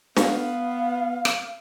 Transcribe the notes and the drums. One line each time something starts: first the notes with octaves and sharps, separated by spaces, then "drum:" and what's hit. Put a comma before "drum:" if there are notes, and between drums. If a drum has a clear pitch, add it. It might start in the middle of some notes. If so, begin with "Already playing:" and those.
B3 F5, drum: snare
drum: rim click